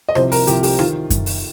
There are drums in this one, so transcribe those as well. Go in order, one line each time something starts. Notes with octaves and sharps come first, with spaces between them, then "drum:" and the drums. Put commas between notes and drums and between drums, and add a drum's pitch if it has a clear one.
D#5
C2 C3 F3 C5, drum: rim click
A#4, drum: open hi-hat
C2 C3 F3 G4, drum: hi-hat
G4, drum: open hi-hat
D#3 F4, drum: rim click
drum: kick F#2, hi-hat
drum: open hi-hat